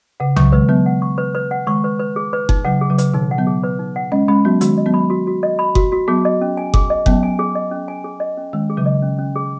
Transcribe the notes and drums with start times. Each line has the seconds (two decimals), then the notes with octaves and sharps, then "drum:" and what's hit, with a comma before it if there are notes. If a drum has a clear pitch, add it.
0.20 C#3 F#5
0.36 C#3 F#3 C#6, drum: tom C2
0.52 D#3 G#3 B4
0.69 F#3 B3 B4
0.86 F#5
1.02 C#6
1.18 B4
1.35 B4
1.51 F#5
1.67 D#3 G#3 C#6
1.84 B4
2.00 B4
2.16 G#4
2.33 B4
2.49 D#4, drum: kick F#1
2.65 C#3 F#3 F#5
2.81 G#4
2.90 C#3 F#3
2.98 B4, drum: hi-hat
3.14 B2 D#3 D#4
3.31 F#5
3.38 F#3 B3
3.47 G#4
3.63 B4
3.79 D#4
3.96 F#5
4.12 G#3 C#4 D#5
4.28 G#3 C#4 B5
4.45 F#3 B3 F#4
4.61 D#3 G#3 F#4, drum: hi-hat
4.78 D#5
4.86 F#3 B3
4.94 B5
5.10 F#4
5.27 F#4
5.43 D#5
5.59 B5
5.75 F#4, drum: kick F#1
5.92 F#4
6.08 F#3 B3 G#4
6.25 D#5
6.41 C#4
6.57 G#5
6.74 G#4, drum: kick F#1
6.90 D#5
7.06 F#3 B3 C#4, drum: kick F#1
7.23 G#5
7.39 G#4
7.55 D#5
7.71 C#4
7.88 G#5
8.04 G#4
8.20 D#5
8.37 C#4
8.53 D#3 G#3 C#4
8.70 G#4
8.77 C#3 F#3
8.86 D#5
9.02 C#4
9.19 C#4
9.36 G#4